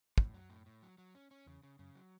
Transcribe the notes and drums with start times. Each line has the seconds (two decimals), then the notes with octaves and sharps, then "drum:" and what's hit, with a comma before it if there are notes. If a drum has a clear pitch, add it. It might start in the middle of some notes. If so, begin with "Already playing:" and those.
0.18 F#2 A2, drum: kick
0.25 E2
0.32 F#2 F#3
0.50 A2
0.66 A2
0.82 F#3
0.98 F#3
1.15 C#4
1.31 C#4
1.46 E2 C#3
1.63 C#3
1.79 F#2 C#3
1.95 F#3